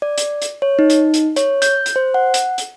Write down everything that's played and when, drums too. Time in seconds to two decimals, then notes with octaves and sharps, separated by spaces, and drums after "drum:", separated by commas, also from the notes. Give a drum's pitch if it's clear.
0.02 D5
0.18 drum: hi-hat
0.42 drum: hi-hat
0.62 C#5
0.79 D#4
0.90 drum: hi-hat
1.14 drum: hi-hat
1.36 C#5, drum: hi-hat
1.62 G6, drum: hi-hat
1.86 drum: hi-hat
1.96 C5
2.14 F#5
2.34 drum: hi-hat
2.58 drum: hi-hat